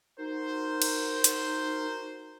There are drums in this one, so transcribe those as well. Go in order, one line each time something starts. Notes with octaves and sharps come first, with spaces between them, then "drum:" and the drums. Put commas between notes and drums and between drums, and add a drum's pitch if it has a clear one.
D#4 F#4 A#4 C5
drum: cymbal
drum: hi-hat